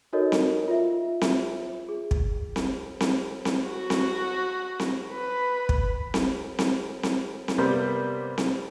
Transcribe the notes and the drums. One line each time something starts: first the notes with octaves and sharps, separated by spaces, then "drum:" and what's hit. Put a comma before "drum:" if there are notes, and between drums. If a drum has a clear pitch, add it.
D#4 F#4 A4 A#4 C#5 D#5
drum: snare C4
F4 E5
drum: snare C4
G#4
drum: kick
drum: snare C4
drum: snare C4
drum: snare C4
F#4
drum: snare C4
drum: snare C4
B4
drum: kick
drum: snare C4
drum: snare C4
drum: snare C4
drum: snare C4
C3 G3 A#3 B3 C5
drum: snare C4